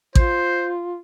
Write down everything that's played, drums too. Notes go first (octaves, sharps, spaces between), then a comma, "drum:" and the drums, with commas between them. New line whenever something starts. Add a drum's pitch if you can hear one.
F4 C5, drum: kick A1